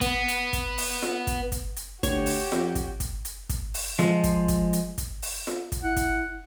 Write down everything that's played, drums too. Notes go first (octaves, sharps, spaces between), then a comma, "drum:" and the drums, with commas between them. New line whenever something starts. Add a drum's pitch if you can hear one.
B3, drum: kick, hi-hat
drum: hi-hat
drum: kick, hi-hat
drum: open hi-hat
drum: snare F4
drum: kick, hi-hat
drum: kick, hi-hat
drum: hi-hat
D2 F#4 G4 C#5, drum: kick, hi-hat
drum: open hi-hat
F2, drum: snare F4
drum: kick, hi-hat
drum: kick, hi-hat
drum: hi-hat
drum: kick, hi-hat
drum: open hi-hat
F3 G#3, drum: snare F4
drum: kick, hi-hat
drum: kick, hi-hat
drum: hi-hat
drum: kick, hi-hat
drum: open hi-hat
drum: snare F4
drum: kick, hi-hat
E4 F#5
drum: kick, hi-hat